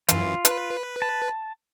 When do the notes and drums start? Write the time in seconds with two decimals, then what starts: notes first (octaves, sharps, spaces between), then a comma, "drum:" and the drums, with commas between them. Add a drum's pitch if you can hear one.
0.09 F#2 E3 F4, drum: hi-hat
0.45 B4, drum: hi-hat
1.02 A5